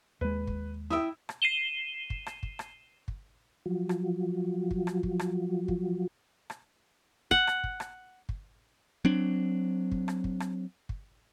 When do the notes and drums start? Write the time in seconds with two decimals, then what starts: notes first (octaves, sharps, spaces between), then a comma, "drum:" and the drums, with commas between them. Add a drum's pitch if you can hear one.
0.21 D#2 G#3 B4
0.47 drum: kick
0.90 E4 E5 G5 D#6 E6
1.29 drum: rim click
1.42 C7 D#7 E7 G7
2.10 drum: kick
2.26 drum: rim click
2.43 drum: kick
2.59 drum: rim click
3.08 drum: kick
3.66 F3 F#3
3.89 drum: rim click
4.71 drum: kick
4.87 drum: rim click
5.03 drum: kick
5.19 drum: rim click
5.68 drum: kick
6.50 drum: rim click
7.31 F#5, drum: kick
7.47 drum: rim click
7.64 drum: kick
7.80 drum: rim click
8.29 drum: kick
9.05 F#3 C4 D4
9.92 drum: kick
10.08 drum: rim click
10.24 drum: kick
10.40 drum: rim click
10.89 drum: kick